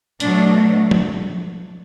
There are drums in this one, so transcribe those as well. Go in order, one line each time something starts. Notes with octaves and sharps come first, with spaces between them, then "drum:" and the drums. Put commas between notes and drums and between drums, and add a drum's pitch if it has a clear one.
B2 F#3 A3 D4, drum: hi-hat
drum: tom F3